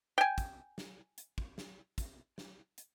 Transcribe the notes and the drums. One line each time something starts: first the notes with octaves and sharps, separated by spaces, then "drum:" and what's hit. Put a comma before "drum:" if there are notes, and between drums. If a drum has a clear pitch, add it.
G5 G#5
drum: kick, hi-hat
drum: snare
drum: hi-hat
drum: kick
drum: snare
drum: kick, hi-hat
drum: snare
drum: hi-hat